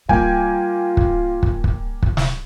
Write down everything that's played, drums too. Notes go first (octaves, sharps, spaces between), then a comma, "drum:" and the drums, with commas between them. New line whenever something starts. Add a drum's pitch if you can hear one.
G3 A#3 F4 G5 G#5, drum: kick
drum: kick
drum: kick
drum: kick
drum: kick
drum: snare